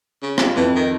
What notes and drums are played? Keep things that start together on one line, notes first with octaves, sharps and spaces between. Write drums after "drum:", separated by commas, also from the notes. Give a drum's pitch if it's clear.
C#3
F4, drum: rim click
F2 E3
D#3